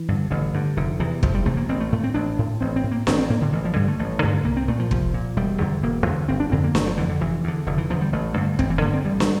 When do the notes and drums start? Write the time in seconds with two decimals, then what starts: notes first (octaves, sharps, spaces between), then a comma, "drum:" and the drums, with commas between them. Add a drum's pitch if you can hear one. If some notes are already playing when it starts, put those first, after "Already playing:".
Already playing: E3
0.08 G2 D3
0.31 A1 D3
0.54 G2 D3
0.77 F1 D3
1.00 E2 C3 E3
1.23 F1 F3, drum: kick
1.34 G3
1.46 E2 C3 A3
1.57 A#3
1.69 A1 C4
1.80 A3
1.92 A2 A3
2.04 C4
2.14 A1 D4
2.39 A2
2.61 A1 C4
2.76 C4
2.83 A2
2.91 A#3
3.07 A1 C4, drum: snare
3.19 C4
3.30 A2 A#3
3.41 D3
3.53 A1 E3
3.65 F3
3.75 G2 D3 G3
3.88 A3
3.99 A1 A3
4.22 G2 D3
4.45 C2 A#3
4.56 C4
4.68 A#2 A3
4.79 F3
4.91 C2 F3, drum: kick
5.14 A#2
5.36 E1 G3
5.60 E2 D3
5.83 E1 A#3
6.06 E2 D3
6.28 G1 C4
6.40 D4
6.52 F2 D3 C4
6.64 A#3
6.75 G1 A3, drum: snare
6.87 F3
6.97 F2 D3 E3
7.09 D3
7.21 F1 E3
7.44 E2 D3
7.67 F1 D3
7.78 E3
7.90 E2 D3 F3
8.01 G3
8.13 A1 A3
8.36 G2 D3
8.59 A1 C4, drum: kick
8.70 E3
8.82 G2 D3 A#3
8.93 C4
9.05 A1 G3
9.20 drum: snare